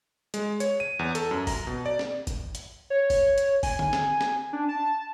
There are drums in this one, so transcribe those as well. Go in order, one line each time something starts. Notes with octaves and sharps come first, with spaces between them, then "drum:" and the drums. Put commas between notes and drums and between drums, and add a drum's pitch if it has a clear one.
G#3, drum: hi-hat
C#5, drum: hi-hat
D#7
E2
A4, drum: hi-hat
F#2
A#5, drum: kick G#1, open hi-hat
B2
D5
drum: snare
drum: kick G#1, hi-hat
drum: hi-hat
C#5
drum: kick G#1, open hi-hat
drum: hi-hat
G#5, drum: kick G#1, open hi-hat
drum: tom D3
drum: snare
drum: snare
D4
A5